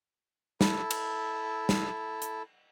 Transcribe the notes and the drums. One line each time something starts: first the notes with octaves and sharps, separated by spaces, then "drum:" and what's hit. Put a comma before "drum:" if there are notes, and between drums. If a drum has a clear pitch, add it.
E4 A4, drum: snare
drum: cymbal
drum: snare
drum: hi-hat